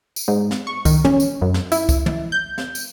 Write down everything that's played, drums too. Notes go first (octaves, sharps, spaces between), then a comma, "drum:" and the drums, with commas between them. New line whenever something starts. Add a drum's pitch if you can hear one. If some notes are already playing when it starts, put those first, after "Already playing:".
drum: tambourine
G#2
drum: snare
C#6
D#3, drum: kick, tambourine
C#4, drum: tom
drum: tambourine
F#2
drum: snare
E4, drum: tambourine
drum: kick, tambourine
drum: tom
G6
drum: snare
drum: tambourine